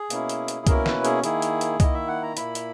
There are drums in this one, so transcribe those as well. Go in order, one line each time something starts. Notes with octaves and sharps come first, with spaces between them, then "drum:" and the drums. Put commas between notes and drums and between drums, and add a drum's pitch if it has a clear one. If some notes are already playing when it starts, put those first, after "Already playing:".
Already playing: G#4
B2 A#3 C#4 E4, drum: hi-hat
drum: hi-hat
drum: hi-hat
B2 A#3 C#4 E4 A#4, drum: kick C2, hi-hat
B4, drum: snare
G#4, drum: hi-hat
D#3 A#3 E4 G#4, drum: hi-hat
drum: hi-hat
drum: hi-hat
D#3 A#3 E4 D#5, drum: kick C2, hi-hat
E5
F#5
A#5
A#2 A#3 E4 B5, drum: hi-hat
drum: hi-hat